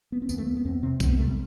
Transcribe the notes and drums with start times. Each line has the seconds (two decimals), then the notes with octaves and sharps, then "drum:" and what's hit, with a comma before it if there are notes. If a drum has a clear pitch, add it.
0.12 B3
0.22 C4
0.29 D#2 B3, drum: tambourine
0.38 A3
0.47 B3
0.57 B3
0.65 E2 C4
0.83 C3 C4
1.00 E2 C4, drum: kick B1, tambourine
1.09 B3
1.18 C3 A3
1.27 G3